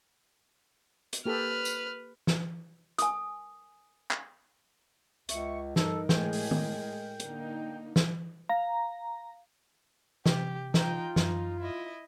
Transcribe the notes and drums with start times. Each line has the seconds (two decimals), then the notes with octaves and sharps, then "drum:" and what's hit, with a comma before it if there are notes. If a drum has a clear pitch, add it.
1.13 drum: hi-hat
1.26 A#3 G4 A4 B4 F6
1.65 drum: tambourine
2.27 drum: snare
2.98 G#5 D#6, drum: hi-hat
4.11 drum: clap
5.29 C#2 E5 C#6, drum: hi-hat
5.76 G2 D#4 A4 A#4, drum: snare
6.09 A2 G#3 G#4 G5, drum: snare
6.33 drum: open hi-hat
6.51 drum: tom D#3
7.20 D3 A#3 D#4, drum: hi-hat
7.96 drum: snare
8.49 F5 A#5
10.26 C3 G4, drum: snare
10.74 D#4 F4 G5, drum: snare
11.16 F#2 D#4, drum: snare
11.60 E4 D#5